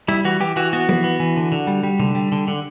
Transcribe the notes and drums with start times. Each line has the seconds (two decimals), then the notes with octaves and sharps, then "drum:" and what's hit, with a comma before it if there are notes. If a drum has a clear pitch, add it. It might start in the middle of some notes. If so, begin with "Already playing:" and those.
0.08 G3 E4
0.25 E3 F#4
0.40 E3 G4
0.56 E3 F#4
0.73 B3 F#4
0.89 E3, drum: tom
1.04 B3
1.20 E3
1.36 D3
1.52 D3
1.67 G3
1.83 G3
2.00 D3, drum: tom C3
2.15 G3
2.32 D3
2.48 D3